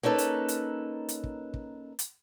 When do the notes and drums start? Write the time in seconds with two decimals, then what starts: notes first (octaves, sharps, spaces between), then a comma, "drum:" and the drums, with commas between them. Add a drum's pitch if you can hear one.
0.03 A#3 C#4 D#4 A4 B4
0.18 drum: hi-hat
0.48 drum: hi-hat
1.09 drum: hi-hat
1.24 drum: kick
1.54 drum: kick
1.99 drum: hi-hat